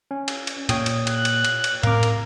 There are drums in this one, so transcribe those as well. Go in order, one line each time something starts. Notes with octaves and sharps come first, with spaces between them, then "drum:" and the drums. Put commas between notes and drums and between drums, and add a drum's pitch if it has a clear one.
C#4
drum: cymbal
drum: cymbal
A#2 C#5 G5 D#6, drum: cymbal
drum: cymbal
F#6, drum: cymbal
drum: cymbal
drum: cymbal
drum: cymbal
A2 C4 A#4 F5 D6, drum: cymbal
drum: cymbal